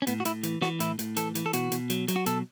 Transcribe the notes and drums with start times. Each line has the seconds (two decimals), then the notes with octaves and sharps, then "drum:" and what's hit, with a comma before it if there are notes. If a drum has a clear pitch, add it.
0.02 C#4
0.07 A2 B3, drum: hi-hat
0.20 F#4
0.25 A2 E4, drum: hi-hat
0.43 E3, drum: hi-hat
0.62 E3 F#4, drum: snare
0.80 A2 E4, drum: hi-hat
0.99 A2, drum: hi-hat
1.16 E3 A4, drum: hi-hat
1.35 E3, drum: hi-hat
1.46 A4
1.53 B2 F#4, drum: hi-hat
1.72 B2, drum: hi-hat
1.90 F#3, drum: hi-hat
2.08 F#3, drum: hi-hat
2.16 F#4
2.26 B2 A4, drum: hi-hat